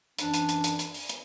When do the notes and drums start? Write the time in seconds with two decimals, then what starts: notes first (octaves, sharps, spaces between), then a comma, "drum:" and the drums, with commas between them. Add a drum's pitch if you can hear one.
0.18 F#2 E3 D4, drum: hi-hat
0.34 drum: hi-hat
0.49 drum: hi-hat
0.64 drum: hi-hat
0.79 drum: hi-hat
0.94 drum: open hi-hat
1.09 drum: hi-hat